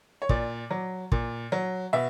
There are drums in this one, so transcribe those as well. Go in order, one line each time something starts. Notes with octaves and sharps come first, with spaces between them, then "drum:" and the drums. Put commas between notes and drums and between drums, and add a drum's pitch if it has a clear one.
C#5
A#2 D5, drum: kick
F#3
A#2, drum: kick
F#3
B2 E5